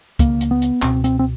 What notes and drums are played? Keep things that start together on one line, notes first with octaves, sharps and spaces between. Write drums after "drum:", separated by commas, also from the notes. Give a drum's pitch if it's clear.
C#2 C#3 A#3, drum: kick C#2, hi-hat
drum: hi-hat
B3
drum: hi-hat
C#2 B2 C4, drum: clap
C4, drum: hi-hat
C4